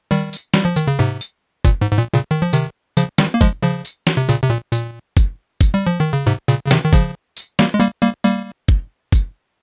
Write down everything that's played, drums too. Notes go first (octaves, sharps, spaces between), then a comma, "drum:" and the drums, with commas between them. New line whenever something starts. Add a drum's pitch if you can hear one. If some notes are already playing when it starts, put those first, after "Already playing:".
D#3 G3
drum: tambourine
G3, drum: snare
F3
D#3, drum: tambourine
C#3
G#2 C3
drum: tambourine
A#2, drum: kick, tambourine
G#2
G#2
A#2
A#2 C#3
D#3
F3
C3 D#3, drum: tambourine
C#3 F3, drum: tambourine
D#3 G3, drum: snare
A#3
F3 G#3, drum: kick, tambourine
C#3 F3
drum: tambourine
drum: snare
C3
A#2 C#3, drum: tambourine
C3
A#2
A#2, drum: tambourine
drum: kick, tambourine
drum: kick, tambourine
G3
F3
D#3
C#3
G#2 C3
A#2 C#3, drum: tambourine
C#3
C3 D#3, drum: snare
D#3
C#3 F3, drum: kick, tambourine
drum: tambourine
G3 A#3, drum: snare
G#3
G3 A#3, drum: tambourine
G3 A#3
G3 A#3, drum: tambourine
drum: kick
drum: kick, tambourine